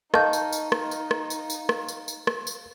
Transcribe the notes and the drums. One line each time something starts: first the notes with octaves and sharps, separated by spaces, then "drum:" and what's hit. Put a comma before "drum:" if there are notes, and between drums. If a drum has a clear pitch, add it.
D#4 A4 D#5 F5 A5 C#6 G6, drum: rim click
drum: tambourine
drum: tambourine
drum: rim click
drum: tambourine
drum: rim click
drum: tambourine
drum: tambourine
drum: rim click
drum: tambourine
drum: tambourine
drum: rim click
drum: tambourine